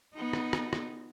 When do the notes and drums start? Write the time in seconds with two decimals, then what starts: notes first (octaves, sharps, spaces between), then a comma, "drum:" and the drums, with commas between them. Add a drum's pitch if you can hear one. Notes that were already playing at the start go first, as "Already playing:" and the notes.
0.14 B3 D#4
0.33 drum: rim click
0.53 drum: rim click
0.73 drum: rim click